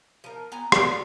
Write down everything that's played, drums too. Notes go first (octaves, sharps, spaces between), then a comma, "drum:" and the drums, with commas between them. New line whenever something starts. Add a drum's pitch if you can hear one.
F3 A#4
B3 G#5 A#5
F4 F#4 G#4 D5, drum: rim click